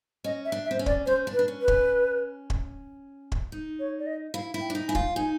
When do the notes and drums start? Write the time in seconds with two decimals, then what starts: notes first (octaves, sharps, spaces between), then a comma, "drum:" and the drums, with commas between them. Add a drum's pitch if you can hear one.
0.24 C#4 D#5
0.45 E5
0.52 D4
0.65 E5
0.71 C4
0.79 C#4
0.86 D5, drum: kick
1.06 C#4 C5
1.27 D4
1.33 B4
1.39 D4
1.48 C#4
1.61 B4
1.68 C#4, drum: kick
2.50 drum: kick
3.32 drum: kick
3.52 D#4
3.79 C#5
3.99 D5
4.06 D#5
4.34 E4 F5
4.54 E4
4.61 G5
4.70 D4
4.75 D#4
4.88 E4 G#5
4.95 F4, drum: kick
5.16 D#4 G#5